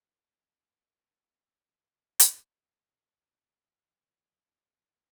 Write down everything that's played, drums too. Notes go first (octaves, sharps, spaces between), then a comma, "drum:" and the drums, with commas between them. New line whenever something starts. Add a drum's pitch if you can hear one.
A#4
C#7
A#4 D5 D#5 C6
E6
drum: hi-hat
C#3
C3
B1
B2
F#2
F#2
D#3
F#3
F3
F1